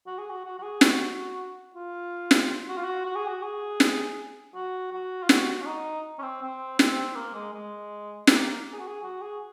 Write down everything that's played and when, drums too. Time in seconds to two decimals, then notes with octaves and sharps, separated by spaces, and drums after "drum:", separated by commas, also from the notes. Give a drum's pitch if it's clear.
0.06 F#4
0.18 G#4
0.30 F#4
0.45 F#4
0.58 F#4
0.62 G#4
0.81 F#4, drum: snare
1.75 F4
2.31 drum: snare
2.68 F#4
2.77 F4
2.84 F#4
3.06 F#4
3.16 G#4
3.27 F#4
3.42 G#4
3.80 drum: snare
4.55 F#4
4.92 F#4
5.23 F4
5.29 F#4, drum: snare
5.62 C#4
5.66 D#4
6.18 C#4
6.22 C4
6.42 C4
6.79 C4, drum: snare
7.16 A#3
7.34 G#3
7.53 G#3
8.27 A#3, drum: snare
8.73 G#4
8.79 F#4
8.87 G#4
9.03 F#4
9.21 G#4